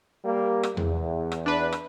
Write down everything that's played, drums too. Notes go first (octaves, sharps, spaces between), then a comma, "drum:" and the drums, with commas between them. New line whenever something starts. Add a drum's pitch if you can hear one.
G3 A#3
drum: rim click
E2, drum: tom E2
drum: rim click
D4 B4
drum: rim click